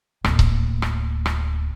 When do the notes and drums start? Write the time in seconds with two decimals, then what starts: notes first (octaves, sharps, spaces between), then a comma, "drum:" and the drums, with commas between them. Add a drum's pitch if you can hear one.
0.24 D1 A#3, drum: rim click
0.39 drum: kick C#1
0.82 drum: rim click
1.26 drum: rim click